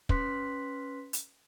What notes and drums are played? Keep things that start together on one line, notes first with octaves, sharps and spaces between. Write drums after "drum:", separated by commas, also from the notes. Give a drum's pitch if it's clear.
C#4 B4 C6 F#6 B6, drum: kick
drum: hi-hat